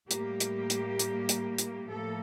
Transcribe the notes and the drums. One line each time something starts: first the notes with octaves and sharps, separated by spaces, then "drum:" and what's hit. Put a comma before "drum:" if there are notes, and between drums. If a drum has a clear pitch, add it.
A2 G3 A#3 G4, drum: hi-hat
drum: hi-hat
drum: hi-hat
drum: hi-hat
drum: hi-hat
drum: hi-hat
A2 F3 A#3 A4